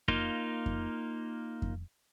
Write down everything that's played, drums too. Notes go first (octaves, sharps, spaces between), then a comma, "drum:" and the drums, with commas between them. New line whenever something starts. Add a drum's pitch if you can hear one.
A#3 D#4 F4, drum: kick F2
drum: kick F2
drum: kick F2